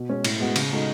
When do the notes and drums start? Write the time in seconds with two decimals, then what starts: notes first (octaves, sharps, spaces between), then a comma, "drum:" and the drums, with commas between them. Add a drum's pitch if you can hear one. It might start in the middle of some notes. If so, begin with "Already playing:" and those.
Already playing: B2
0.09 G#3 C#4
0.24 A2, drum: cymbal
0.40 G#3 B3 F#4
0.56 C#3, drum: cymbal
0.72 G#3 D#4 F#4 A4